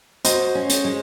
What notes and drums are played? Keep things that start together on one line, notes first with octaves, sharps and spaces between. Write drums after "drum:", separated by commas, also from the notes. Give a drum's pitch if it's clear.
F#4 C5 D#5, drum: hi-hat
C#4
drum: hi-hat
G#3